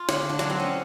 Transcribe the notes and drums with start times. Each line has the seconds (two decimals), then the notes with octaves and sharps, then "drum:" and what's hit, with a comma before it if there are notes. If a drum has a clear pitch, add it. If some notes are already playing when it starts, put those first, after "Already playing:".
Already playing: F4
0.09 D3, drum: snare
0.29 D4
0.39 F#3, drum: snare
0.50 C4
0.60 C#4